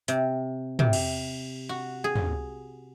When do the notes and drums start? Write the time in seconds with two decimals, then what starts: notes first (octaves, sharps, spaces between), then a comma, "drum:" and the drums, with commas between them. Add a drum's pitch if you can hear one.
0.08 C3, drum: hi-hat
0.79 C3, drum: tom
0.93 drum: cymbal
1.69 F#4
2.04 G#4
2.15 drum: tom